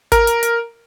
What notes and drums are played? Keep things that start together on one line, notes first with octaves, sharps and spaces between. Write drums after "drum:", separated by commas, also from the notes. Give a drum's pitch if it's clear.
A#4, drum: kick, hi-hat
drum: hi-hat
drum: hi-hat